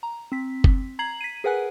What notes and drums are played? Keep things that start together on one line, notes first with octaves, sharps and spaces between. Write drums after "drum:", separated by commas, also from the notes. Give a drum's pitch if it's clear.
A#5
C4 B6
drum: kick F#1
A#5 G#6 C7 F#7
B6 D#7
G#4 A#4 B4 F#5 G#5 F#6